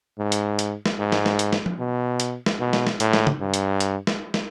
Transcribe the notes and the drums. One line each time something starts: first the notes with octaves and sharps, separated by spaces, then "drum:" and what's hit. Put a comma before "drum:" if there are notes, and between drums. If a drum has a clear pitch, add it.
G#2
drum: hi-hat
drum: hi-hat
drum: snare
G#2
drum: snare
drum: snare
drum: hi-hat
drum: snare
drum: tom F3
B2
drum: hi-hat
drum: snare
B2
drum: snare
drum: snare
A2, drum: hi-hat
drum: snare
drum: tom C#3
G2
drum: hi-hat
drum: hi-hat
drum: snare
drum: snare